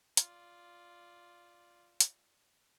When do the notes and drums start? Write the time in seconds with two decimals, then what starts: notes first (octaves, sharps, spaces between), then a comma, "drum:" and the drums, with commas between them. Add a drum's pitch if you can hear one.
0.17 F4 D5, drum: hi-hat
2.00 drum: hi-hat